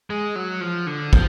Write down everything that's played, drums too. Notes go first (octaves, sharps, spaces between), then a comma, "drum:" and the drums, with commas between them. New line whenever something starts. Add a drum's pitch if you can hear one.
G#3
F#3
F3
D3
F3, drum: kick